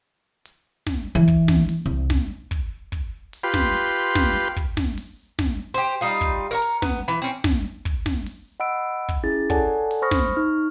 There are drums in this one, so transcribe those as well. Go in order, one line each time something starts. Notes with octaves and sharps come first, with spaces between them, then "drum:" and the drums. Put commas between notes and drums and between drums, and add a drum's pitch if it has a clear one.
drum: hi-hat
drum: snare
E3
drum: kick, hi-hat
drum: snare
drum: open hi-hat
C2
drum: snare
drum: kick, hi-hat
drum: kick, hi-hat
drum: open hi-hat
F4 G4 B4 C6
drum: snare
drum: hi-hat
drum: snare
drum: kick, hi-hat
drum: snare
drum: open hi-hat
drum: snare
G4 C5
G3 D#4 F4
drum: kick, hi-hat
A#4 C#5 A#5
drum: open hi-hat
B3, drum: snare
E3
C4 C#4
drum: snare
drum: kick, hi-hat
drum: snare
drum: open hi-hat
D#5 F#5 B5 E6 D7
drum: kick, hi-hat
C#4 E4 G#4 A6
A4 C#5 D5 F#5 G#5 A5, drum: kick, hi-hat
drum: open hi-hat
C5 B5 C#6 D#6 F6 A#6
drum: snare
D#4 C#6 F6